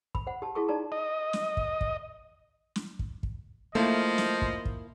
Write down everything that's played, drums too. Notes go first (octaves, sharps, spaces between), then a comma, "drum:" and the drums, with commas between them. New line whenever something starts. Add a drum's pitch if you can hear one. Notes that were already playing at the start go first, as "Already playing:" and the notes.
B5, drum: kick
C5 F#5
G4 A5
E4 F#4 G#4 A5 C#6
D#4 D5 A5 A#5
D#5
drum: snare
drum: kick
drum: kick
drum: snare
drum: kick
drum: kick
F3 A3 A#3 E4 D#5
drum: snare
drum: kick
drum: kick